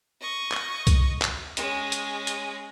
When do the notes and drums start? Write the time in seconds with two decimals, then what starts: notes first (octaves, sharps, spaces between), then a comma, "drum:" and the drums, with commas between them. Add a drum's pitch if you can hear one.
0.21 D#5 C#6
0.52 drum: clap
0.87 drum: kick C2, hi-hat
1.22 drum: clap
1.57 G#3 C#4, drum: hi-hat
1.92 drum: hi-hat
2.27 drum: hi-hat